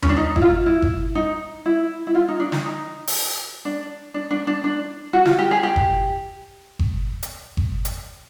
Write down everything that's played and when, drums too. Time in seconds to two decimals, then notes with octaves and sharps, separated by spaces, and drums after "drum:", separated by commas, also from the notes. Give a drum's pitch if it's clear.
0.02 C#4, drum: tom D#2
0.09 D4
0.17 D#4
0.36 E4, drum: kick G1
0.42 F4
0.66 E4
0.82 drum: kick G1
1.15 D#4
1.66 E4
2.07 E4
2.15 F4
2.28 D#4
2.40 D4
2.52 D#4, drum: snare
2.66 D#4
3.07 drum: open hi-hat
3.65 D4
4.14 D4
4.31 D4
4.47 D4
4.64 D4
5.13 F#4
5.25 F4, drum: snare
5.38 G4
5.51 G#4
5.63 G4
5.76 drum: kick G1
6.79 drum: kick G1
7.23 drum: hi-hat
7.57 drum: kick G1
7.85 drum: hi-hat